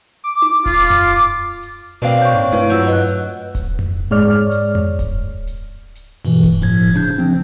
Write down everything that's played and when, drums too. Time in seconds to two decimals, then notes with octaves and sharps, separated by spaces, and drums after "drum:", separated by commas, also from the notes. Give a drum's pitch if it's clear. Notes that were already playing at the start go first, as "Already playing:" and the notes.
0.24 D6
0.42 drum: tom D#4
0.66 F4, drum: kick D1, hi-hat
0.90 drum: tom F2
1.14 drum: hi-hat
1.62 drum: hi-hat
2.02 B2 A#3 C4 D4 B4 F5
2.22 C#5 C#6 G6
2.35 G#2
2.52 G2 A3 E4 B4
2.69 F#3 F4 E6 G6
2.88 B4 D#5 F#5 F#6
3.07 drum: hi-hat
3.55 drum: kick D1, hi-hat
3.79 drum: tom F2
4.11 G#2 G#3 C#5 D5 F6
4.51 drum: hi-hat
4.75 drum: tom F2
4.99 drum: kick D1, hi-hat
5.47 drum: hi-hat
5.95 drum: hi-hat
6.25 G2 B2 E3
6.43 drum: kick D1, hi-hat
6.61 A2 F3 G#6
6.94 C#3 D4 G6, drum: hi-hat
7.18 F3 C4